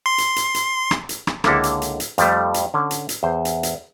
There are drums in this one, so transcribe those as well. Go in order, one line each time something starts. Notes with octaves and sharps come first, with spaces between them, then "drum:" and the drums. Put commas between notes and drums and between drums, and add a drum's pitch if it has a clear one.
C6
drum: hi-hat
drum: hi-hat
drum: hi-hat
drum: rim click
drum: hi-hat
drum: rim click
C#2 D3 A#3 E4 A4, drum: rim click
drum: hi-hat
drum: hi-hat
drum: hi-hat
F2 F3 G3 A3, drum: hi-hat
drum: hi-hat
D3 C#4
drum: hi-hat
drum: hi-hat
E2 C5
drum: hi-hat
drum: hi-hat